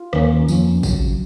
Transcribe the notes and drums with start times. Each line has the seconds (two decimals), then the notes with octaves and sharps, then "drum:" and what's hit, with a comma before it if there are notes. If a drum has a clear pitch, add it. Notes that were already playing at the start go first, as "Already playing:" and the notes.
Already playing: F4
0.13 D#2 D#3 A#3 C#4, drum: rim click
0.48 F2 F3 A#3 C#4, drum: tambourine
0.83 C#2 C#3 F#3, drum: kick, tambourine